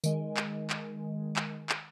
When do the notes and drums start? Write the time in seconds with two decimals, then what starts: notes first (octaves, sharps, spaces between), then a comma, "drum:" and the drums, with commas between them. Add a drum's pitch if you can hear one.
0.04 D#3 G#3, drum: tambourine
0.37 drum: clap
0.70 drum: clap
1.36 drum: clap
1.69 drum: clap